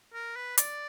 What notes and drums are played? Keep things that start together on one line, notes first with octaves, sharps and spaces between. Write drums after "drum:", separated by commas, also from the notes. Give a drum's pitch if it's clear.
A#4
B4
D5, drum: hi-hat